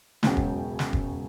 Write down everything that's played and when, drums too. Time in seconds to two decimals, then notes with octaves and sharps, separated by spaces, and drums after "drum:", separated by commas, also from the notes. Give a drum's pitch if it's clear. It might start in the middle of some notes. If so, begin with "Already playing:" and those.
0.23 E1 C#2 C#3 F#3 C#4 G5, drum: snare
0.37 drum: kick E1
0.79 drum: snare
0.93 drum: kick E1